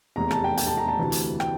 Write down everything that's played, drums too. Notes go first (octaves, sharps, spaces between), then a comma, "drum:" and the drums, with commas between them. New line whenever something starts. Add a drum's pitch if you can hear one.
F1 E2 C3 A#5
A5, drum: rim click
G5
G5, drum: hi-hat
A5
A#5
A5
D2 C3 E3
drum: hi-hat
G5, drum: rim click